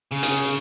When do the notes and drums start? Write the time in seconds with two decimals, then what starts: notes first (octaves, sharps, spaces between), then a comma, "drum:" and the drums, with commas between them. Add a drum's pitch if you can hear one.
0.11 C#3
0.23 drum: hi-hat